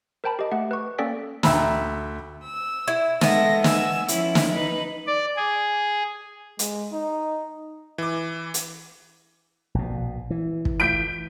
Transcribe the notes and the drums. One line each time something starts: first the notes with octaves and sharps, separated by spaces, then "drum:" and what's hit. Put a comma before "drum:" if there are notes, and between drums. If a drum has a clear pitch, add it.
A#4 C5 G5 A5 B5
G4 D#5
A3 G4 F#5
B4 C#6
A#3 C#4 A4 D5 G5 B6
D2 E5 G5 A#5 B5 E6, drum: snare
E6
E4
G#3 B3 A4 E5 A#6, drum: snare
G#5 E6, drum: snare
F3 C#4 E4, drum: hi-hat
drum: snare
D#4 B4 B5
D5
G#4
G#3, drum: hi-hat
D#4
E3 D6
drum: hi-hat
A#1 B2
E3
drum: kick
G6 B6 D7